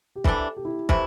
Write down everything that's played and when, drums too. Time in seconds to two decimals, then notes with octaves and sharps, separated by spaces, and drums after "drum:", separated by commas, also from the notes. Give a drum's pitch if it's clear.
0.16 G4
0.24 C3 E3 G3 D4 A4, drum: kick
0.57 G4
0.65 E4
0.89 C3 E3 A3 E4, drum: kick